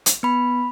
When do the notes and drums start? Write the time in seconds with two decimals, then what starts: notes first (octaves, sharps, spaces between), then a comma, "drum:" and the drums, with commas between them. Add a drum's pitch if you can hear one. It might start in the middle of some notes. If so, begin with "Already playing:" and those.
0.06 drum: hi-hat
0.23 B3 B5